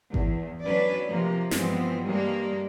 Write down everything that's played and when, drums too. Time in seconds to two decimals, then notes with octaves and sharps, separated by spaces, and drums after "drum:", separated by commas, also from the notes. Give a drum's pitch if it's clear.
0.14 E2, drum: kick G#1
0.64 F#3 C#4 D4 B4 D5
1.08 C3 F3 A#3
1.51 G2 E3 F3 G#3 B3 C4, drum: snare
2.06 G2 G3 G#3 A#3 D4